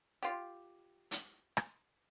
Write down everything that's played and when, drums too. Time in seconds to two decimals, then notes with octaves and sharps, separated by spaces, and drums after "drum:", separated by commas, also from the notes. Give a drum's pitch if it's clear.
0.23 F4 G4
1.11 drum: hi-hat
1.57 drum: rim click